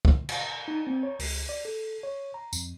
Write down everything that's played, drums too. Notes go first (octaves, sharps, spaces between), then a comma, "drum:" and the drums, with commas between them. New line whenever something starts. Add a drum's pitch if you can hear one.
drum: kick
drum: cymbal
D#4
C4
C#5
C#2, drum: open hi-hat
D5
A4
C#5
A#5
F2, drum: tambourine